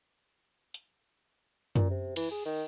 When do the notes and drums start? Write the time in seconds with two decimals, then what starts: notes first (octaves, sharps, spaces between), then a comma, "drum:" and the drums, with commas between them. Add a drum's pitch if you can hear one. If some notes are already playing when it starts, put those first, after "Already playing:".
0.74 drum: hi-hat
1.76 A#2, drum: tom F#2
1.90 C3
2.16 E3, drum: cymbal
2.31 G#4
2.46 D#3